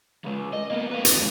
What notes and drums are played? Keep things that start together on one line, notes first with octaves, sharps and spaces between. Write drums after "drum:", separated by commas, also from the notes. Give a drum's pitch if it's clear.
C#3 G#3
D#5
A#3 B3
B4 F5
drum: hi-hat
D#2 G#2